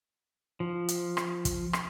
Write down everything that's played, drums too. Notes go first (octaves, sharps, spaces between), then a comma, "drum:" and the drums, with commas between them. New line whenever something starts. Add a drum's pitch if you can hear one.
F3
drum: hi-hat
drum: rim click
drum: kick, hi-hat
drum: rim click